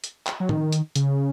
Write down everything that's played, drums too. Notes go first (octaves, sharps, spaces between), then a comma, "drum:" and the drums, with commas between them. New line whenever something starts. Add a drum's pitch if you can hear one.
drum: hi-hat
drum: clap
F#3
D#3, drum: tom
drum: hi-hat
C#3, drum: hi-hat